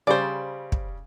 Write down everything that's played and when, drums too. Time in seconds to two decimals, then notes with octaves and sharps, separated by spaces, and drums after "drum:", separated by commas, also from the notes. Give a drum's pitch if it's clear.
0.07 C#3 G3 C5 D5
0.72 drum: kick